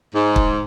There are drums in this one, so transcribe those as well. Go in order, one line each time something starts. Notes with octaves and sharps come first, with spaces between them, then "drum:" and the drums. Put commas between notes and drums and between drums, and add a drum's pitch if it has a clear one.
G#2
drum: kick